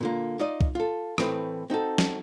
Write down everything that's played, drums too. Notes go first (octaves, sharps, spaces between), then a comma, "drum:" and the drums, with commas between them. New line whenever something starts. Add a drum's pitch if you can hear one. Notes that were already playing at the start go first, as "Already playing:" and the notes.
A#2 D3 A#3
D#4 F4 D5 D#5
drum: kick
F4 A4
A2 E3 A3 C4, drum: rim click
C4 D#4 F#4 A4
drum: snare